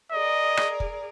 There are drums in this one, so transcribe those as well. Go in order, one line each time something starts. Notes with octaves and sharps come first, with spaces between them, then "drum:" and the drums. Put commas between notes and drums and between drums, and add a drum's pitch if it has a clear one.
G#4 A#4 D5 D#5
drum: rim click
drum: kick